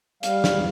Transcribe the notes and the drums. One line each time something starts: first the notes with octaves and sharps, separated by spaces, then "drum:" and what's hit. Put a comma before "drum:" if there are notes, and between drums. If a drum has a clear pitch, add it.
G3 F5, drum: hi-hat
E2, drum: snare